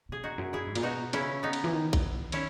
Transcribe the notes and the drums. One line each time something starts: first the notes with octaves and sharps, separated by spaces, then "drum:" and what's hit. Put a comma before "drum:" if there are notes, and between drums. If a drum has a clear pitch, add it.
B2 G#4
E2 D#4 F#4
F#2
A#2 E4 G#4
G#2
A#2, drum: cymbal
B2 D#4 F#4
C#3 C#4 E4, drum: cymbal
B3 D#4
drum: cymbal
E3
D#3
D#3, drum: kick A#1, cymbal
E3
D#3 C#4 E4, drum: cymbal